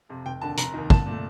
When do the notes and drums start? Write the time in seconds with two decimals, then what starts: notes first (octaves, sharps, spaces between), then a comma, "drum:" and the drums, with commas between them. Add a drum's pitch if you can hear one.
0.09 F2 C3
0.26 F1 G5
0.41 D#2 D3 A5
0.57 F1 A#5, drum: hi-hat
0.74 D#2 D#3
0.90 C2 A5, drum: kick
1.06 A#2 A3